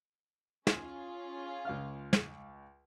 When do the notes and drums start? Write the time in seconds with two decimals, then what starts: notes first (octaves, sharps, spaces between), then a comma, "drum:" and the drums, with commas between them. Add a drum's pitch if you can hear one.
0.67 C#4 F4 G#4, drum: snare
1.65 C#2 F5 F6
2.13 drum: snare